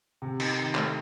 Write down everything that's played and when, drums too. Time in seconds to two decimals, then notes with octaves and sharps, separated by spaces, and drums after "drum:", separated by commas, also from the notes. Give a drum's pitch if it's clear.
0.22 C3
0.40 D#4, drum: cymbal
0.57 D#3
0.75 A3, drum: clap